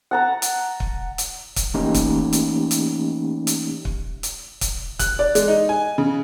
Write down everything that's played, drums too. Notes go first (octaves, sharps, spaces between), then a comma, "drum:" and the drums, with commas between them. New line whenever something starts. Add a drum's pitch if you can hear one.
F#5 A5 A#5
drum: hi-hat
drum: kick
drum: hi-hat
drum: kick, hi-hat
E3 A3 A#3 C#4 D#4 G4
drum: kick, hi-hat
drum: hi-hat
drum: hi-hat
drum: hi-hat
drum: kick
drum: hi-hat
drum: kick, hi-hat
F#6, drum: kick, hi-hat
D5
G#3, drum: hi-hat
D#4
G#5
C#3